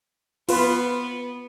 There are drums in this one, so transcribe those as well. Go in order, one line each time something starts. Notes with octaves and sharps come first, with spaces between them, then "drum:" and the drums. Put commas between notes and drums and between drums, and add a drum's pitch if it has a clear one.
B3 F4 B4 B5, drum: open hi-hat